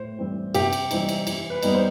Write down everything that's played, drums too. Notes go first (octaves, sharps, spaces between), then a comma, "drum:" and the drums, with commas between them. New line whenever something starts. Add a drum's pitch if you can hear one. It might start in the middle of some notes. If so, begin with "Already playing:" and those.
Already playing: A2 C5
E3 G3 C4
C3 G4, drum: cymbal
drum: cymbal
E3 G3 C4 D#4, drum: cymbal
drum: cymbal
E3, drum: cymbal
B4
G3 B3 D#4, drum: cymbal
C5